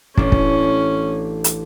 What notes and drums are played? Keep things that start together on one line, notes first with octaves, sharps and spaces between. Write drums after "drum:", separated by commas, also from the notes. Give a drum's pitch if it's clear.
A1 C#4 D4, drum: kick
drum: kick
drum: hi-hat